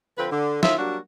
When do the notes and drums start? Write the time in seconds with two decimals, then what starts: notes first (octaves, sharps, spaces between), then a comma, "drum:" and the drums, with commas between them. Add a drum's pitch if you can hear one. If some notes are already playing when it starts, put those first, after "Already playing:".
0.18 D3 F3 C4 B4
0.32 D3
0.63 D#3 E4 F4 E5, drum: snare C#5
0.79 F#3 G3 A#3 D4 F#4